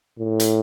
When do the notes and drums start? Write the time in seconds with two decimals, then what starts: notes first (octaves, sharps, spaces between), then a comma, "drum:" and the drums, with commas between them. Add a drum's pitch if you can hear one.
0.19 A2
0.40 drum: hi-hat